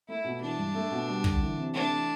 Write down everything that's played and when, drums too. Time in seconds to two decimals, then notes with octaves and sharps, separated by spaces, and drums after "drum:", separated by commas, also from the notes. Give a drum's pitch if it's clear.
0.08 A3 E4
0.24 B2
0.41 E3 D4
0.57 G2
0.74 A3
0.91 B2
1.08 G3
1.24 D3, drum: kick
1.41 E3
1.57 C3
1.74 A3 D4
1.91 E3